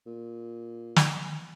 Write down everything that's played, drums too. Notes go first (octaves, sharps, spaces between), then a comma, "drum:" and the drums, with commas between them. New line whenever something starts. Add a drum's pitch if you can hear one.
A#2
drum: snare